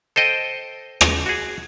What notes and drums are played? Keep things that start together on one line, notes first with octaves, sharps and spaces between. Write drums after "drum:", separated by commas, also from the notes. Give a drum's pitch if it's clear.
A4 C5 D#5 G5
drum: rim click
F#4 G#4